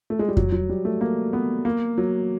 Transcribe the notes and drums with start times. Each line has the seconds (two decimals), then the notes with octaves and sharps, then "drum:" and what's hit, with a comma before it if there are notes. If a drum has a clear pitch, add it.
0.10 A3
0.19 G#3
0.28 G3
0.37 F#3, drum: kick F2
0.52 F#3
0.69 G3
0.85 A3
1.01 A#3
1.33 B3
1.65 A#3
1.98 F#3